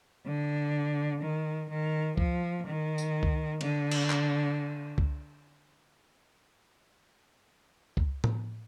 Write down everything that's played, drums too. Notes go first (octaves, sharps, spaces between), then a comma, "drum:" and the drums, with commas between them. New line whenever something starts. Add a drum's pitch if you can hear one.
D3
D#3
D#3
F3, drum: kick C#2
D#3
drum: tambourine
drum: kick C#2
D3, drum: cymbal
drum: cymbal
drum: clap
drum: kick C#2
drum: kick C#2
drum: tom A2